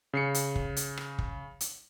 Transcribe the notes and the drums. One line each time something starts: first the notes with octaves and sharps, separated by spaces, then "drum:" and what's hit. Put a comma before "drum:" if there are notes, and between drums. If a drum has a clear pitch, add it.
C#3 C7 C#7
drum: hi-hat
drum: kick
drum: hi-hat
drum: rim click
drum: kick
drum: hi-hat